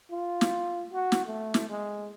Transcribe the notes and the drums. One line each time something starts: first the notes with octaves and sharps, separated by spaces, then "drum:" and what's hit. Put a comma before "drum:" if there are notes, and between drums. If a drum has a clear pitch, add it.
F4
drum: snare
F#4
drum: snare
A3
drum: snare
G#3